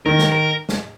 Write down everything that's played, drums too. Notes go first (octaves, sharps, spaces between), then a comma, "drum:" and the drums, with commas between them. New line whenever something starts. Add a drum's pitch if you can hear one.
D#3 A#4
drum: snare
A#4
drum: snare